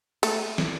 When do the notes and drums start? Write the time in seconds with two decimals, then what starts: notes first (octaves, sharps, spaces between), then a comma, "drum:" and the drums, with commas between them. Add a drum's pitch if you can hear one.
0.23 A3, drum: cymbal
0.58 drum: snare